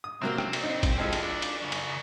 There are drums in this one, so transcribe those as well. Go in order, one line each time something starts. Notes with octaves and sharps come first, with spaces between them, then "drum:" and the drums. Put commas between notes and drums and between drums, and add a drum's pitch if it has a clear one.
D#6
C3 F#3 A#3 C4
drum: rim click
drum: cymbal
D#4
drum: kick, cymbal
F3 G#3 E4 G4 A4
drum: cymbal
D4
drum: cymbal
C#3 F#3
drum: cymbal